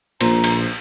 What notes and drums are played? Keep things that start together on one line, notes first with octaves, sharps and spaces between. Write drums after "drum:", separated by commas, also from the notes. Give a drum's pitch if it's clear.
A#1 A#2 C5 A#5, drum: cymbal
drum: cymbal